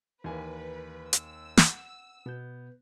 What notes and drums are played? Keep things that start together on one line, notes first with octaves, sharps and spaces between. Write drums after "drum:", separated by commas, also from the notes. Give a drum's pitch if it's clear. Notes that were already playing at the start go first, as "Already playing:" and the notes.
D#2 E3 A#3 B4 G#5
E6, drum: hi-hat
F#5, drum: snare
B2 B3 G6